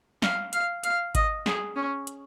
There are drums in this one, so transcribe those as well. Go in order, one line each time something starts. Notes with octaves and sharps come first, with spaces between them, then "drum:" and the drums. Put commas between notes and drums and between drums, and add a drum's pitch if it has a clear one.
F5, drum: snare
F5, drum: hi-hat
F5, drum: hi-hat
D#5, drum: kick G#1, hi-hat
G#4, drum: snare
C#4
drum: hi-hat